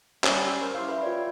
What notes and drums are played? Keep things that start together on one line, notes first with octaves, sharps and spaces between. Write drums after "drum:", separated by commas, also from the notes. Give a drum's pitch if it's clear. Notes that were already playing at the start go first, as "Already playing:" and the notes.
G3 C#4, drum: clap
E6
A#4 C5 C#6
E4 G4 F5 C6 D6 E6
B4 E5 B5
F4 C#5 D5 G5